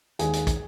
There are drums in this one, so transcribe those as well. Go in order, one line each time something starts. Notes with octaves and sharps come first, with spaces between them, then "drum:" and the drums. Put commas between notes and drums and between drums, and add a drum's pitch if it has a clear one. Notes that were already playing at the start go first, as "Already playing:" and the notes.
D#2 D#3 G#3 G#4 G#5, drum: hi-hat
drum: hi-hat
drum: kick, hi-hat